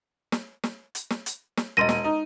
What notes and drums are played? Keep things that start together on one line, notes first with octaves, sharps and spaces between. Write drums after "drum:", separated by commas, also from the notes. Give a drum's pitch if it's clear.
drum: snare
drum: snare
drum: hi-hat
drum: snare
drum: hi-hat
drum: snare
E1 D#5 C6 A#6 D#7
drum: snare
D#4